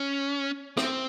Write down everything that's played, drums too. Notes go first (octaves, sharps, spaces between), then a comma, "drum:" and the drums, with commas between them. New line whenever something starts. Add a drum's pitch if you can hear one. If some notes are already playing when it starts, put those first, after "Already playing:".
Already playing: C#4
C4, drum: rim click